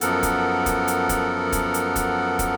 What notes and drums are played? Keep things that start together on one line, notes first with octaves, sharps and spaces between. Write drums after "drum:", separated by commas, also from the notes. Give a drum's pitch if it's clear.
F#2 F3 B3 A4 A#4 F#5, drum: hi-hat
drum: kick, hi-hat
drum: kick, hi-hat
drum: hi-hat
drum: kick, hi-hat
drum: kick, hi-hat
drum: hi-hat
drum: kick, hi-hat
drum: kick, hi-hat